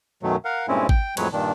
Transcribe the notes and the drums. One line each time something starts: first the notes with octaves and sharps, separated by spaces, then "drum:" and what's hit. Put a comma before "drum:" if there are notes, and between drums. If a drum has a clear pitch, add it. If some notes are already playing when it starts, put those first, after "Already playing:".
F#2 B2 D#3 F#3 A3
A#4 F5 F#5
G2 A#2 G#3 C4 C#4 E4
G5, drum: kick G#1
F2 A2 F#3 G#3 B4 C#5, drum: cymbal
G2 A#2 D#3 D4